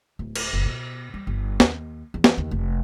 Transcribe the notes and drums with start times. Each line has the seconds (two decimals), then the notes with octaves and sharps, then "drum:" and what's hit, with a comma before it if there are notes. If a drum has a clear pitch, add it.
0.19 D1
0.35 drum: cymbal
0.53 F#1
0.66 B2
1.14 G3
1.27 G1
1.60 D#2, drum: snare
2.14 E2
2.24 drum: snare
2.37 D#2
2.51 F1